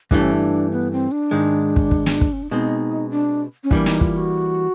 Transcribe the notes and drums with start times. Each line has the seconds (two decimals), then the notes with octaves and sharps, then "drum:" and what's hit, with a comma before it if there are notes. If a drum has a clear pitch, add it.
0.11 G2 E3 A3 D4, drum: kick
0.22 C#4
0.33 D4
0.72 B3
0.92 C4
1.12 D4
1.31 G#2 D#3 G#3
1.76 drum: kick
1.91 drum: kick
2.06 drum: snare
2.21 drum: kick
2.33 C#4
2.43 D4
2.51 B2 G#3 C4 D#4
3.10 D4
3.64 C#4
3.71 E3 G3 A#3 D4, drum: kick
3.86 D#4, drum: snare
4.01 F4, drum: kick
4.16 F#4